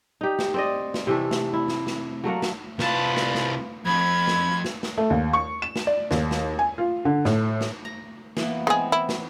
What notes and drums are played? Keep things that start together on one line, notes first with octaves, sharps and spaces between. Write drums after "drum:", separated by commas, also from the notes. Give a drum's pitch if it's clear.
D#4 G4
drum: snare
C4 D5 D#5
drum: snare
C3 E3 A3
drum: snare
E4
drum: snare
drum: snare
F#3 A3 A#3 F#5
drum: snare
C2 F4 B4 A5, drum: snare
drum: snare
drum: snare
F2 B5 G#6
drum: snare
drum: snare
drum: snare
A3
D#2
C#6
E7
drum: snare
D5
D#2, drum: snare
drum: snare
G#5
F4
D3
A2, drum: snare
drum: snare
A#5
E3 A#3 B3, drum: snare
G#3 B3 C4 G#4
E4
drum: snare